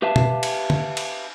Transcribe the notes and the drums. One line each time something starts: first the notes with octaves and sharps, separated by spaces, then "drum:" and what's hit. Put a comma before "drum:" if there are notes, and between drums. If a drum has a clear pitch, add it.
G4 B4 E5 F5 A5
drum: tom
drum: cymbal
drum: tom
drum: cymbal